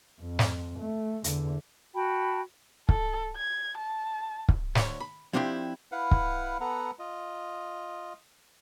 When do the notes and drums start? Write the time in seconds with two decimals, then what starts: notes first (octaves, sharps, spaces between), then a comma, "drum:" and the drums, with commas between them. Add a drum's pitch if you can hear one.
0.21 F2
0.39 drum: snare
0.80 A3
1.24 E2 D3, drum: hi-hat
1.94 F#4 G5 A5 B5
2.89 A4, drum: kick
3.37 G#6
3.77 A5
4.49 drum: kick
4.75 D2 C#5, drum: snare
5.00 B5
5.33 F3 C4 D4 E4 G4
5.92 E4 B4 F5 F#5
6.11 drum: kick
6.61 B3 A4 B4 F#5 A#5
6.99 F4 D#5